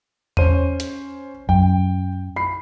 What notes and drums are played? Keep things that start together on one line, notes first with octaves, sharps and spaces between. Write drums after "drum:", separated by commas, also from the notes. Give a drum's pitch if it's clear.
C#4 C5 D#7, drum: tom E2
drum: hi-hat
F#2 G5
B5 C7